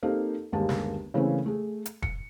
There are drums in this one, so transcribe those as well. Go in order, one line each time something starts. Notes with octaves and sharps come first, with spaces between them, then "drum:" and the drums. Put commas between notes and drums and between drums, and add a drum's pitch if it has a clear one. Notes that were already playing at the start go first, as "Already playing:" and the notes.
A#3 C4 D#4 G4 A4 F5
G1 D#2 G#3 A#3 G4 A5
drum: snare
C#3 E3 A3 A#3 C4 C#4
A3 G#4
drum: hi-hat
C#7, drum: kick